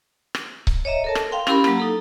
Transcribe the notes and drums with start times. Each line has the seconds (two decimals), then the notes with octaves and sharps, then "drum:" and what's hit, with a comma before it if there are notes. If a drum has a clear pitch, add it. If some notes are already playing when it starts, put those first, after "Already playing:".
0.35 drum: rim click
0.67 drum: kick C#1
0.85 C#5 D#5 E5 A#5
1.04 A4 A#4 A5
1.15 drum: rim click
1.32 F5 G5 C6
1.47 C#4 E4 G4 A#4 B5, drum: rim click
1.64 F#3 A#3, drum: rim click
1.77 D#4 A4 A#5